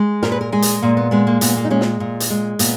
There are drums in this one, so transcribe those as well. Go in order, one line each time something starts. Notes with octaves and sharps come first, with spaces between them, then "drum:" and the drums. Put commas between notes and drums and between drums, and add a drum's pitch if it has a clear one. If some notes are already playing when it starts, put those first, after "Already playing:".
Already playing: G#3
A#2 A#4, drum: snare
B4
A#4
G#3 G#4
drum: hi-hat
A#2 A#3
B3
G#3 B3
A#3
A#2 B3, drum: hi-hat
A#3
D#4
G#3 C#4
drum: snare
A#2
drum: hi-hat
G#3
A#2 B3, drum: hi-hat